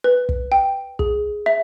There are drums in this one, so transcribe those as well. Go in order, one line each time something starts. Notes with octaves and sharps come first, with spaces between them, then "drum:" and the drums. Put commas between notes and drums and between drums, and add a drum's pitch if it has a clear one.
B4
drum: kick
G5
G#4, drum: kick
E5